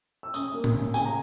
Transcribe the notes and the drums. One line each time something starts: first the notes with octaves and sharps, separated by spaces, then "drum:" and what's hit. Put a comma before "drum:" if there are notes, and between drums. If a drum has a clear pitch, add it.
E6
C#4 D#6, drum: tambourine
A#3
drum: tom A2
C#4
C#3 G#5, drum: tambourine
A#5